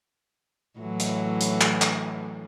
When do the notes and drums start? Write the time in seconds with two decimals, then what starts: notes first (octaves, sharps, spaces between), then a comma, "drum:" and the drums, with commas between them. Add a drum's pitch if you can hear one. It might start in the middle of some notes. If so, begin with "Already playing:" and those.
0.79 A2 E3 F#3
1.00 drum: hi-hat
1.41 drum: hi-hat
1.61 drum: clap
1.82 drum: clap